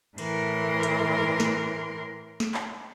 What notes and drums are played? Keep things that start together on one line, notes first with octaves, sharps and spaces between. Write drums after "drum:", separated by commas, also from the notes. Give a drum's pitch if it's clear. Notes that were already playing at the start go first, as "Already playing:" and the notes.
A2 E3 A#4 C6, drum: cymbal
drum: hi-hat
drum: snare
drum: snare
drum: clap